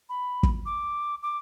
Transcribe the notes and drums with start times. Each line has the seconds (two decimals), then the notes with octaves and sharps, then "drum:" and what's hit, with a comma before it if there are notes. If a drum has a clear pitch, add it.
0.09 B5
0.43 drum: kick
0.66 D6
1.23 D6